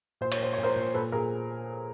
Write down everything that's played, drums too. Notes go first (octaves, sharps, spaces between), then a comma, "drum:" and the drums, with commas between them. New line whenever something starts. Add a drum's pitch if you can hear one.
A#2 C5
C#5, drum: cymbal
A#2 C5
A#2 C#5
A#4 C5
A#2
A#2 A4 B4
A#2 G#4 A#4